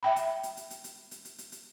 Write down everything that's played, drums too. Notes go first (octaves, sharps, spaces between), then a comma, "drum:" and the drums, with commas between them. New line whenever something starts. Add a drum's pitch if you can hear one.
E5 G5 B5
drum: hi-hat
drum: hi-hat
drum: hi-hat
drum: hi-hat
drum: hi-hat
drum: hi-hat
drum: hi-hat
drum: hi-hat
drum: hi-hat